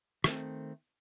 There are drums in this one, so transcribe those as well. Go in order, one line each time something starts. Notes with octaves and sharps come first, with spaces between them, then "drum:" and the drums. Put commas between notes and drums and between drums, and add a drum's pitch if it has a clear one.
D#3 A3 C4, drum: rim click